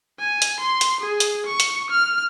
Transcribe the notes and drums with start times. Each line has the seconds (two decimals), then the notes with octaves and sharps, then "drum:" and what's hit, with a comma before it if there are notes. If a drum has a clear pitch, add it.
0.20 G#5
0.42 drum: hi-hat
0.60 C6
0.81 drum: hi-hat
1.01 G#4
1.20 drum: hi-hat
1.47 C#6
1.60 drum: hi-hat
1.90 F6